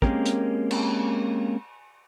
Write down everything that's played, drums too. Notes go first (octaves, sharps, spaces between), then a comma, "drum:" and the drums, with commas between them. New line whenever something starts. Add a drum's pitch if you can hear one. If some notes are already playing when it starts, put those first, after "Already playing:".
G#3 A#3 C4 C#4 G4 A#4, drum: kick
drum: hi-hat
drum: cymbal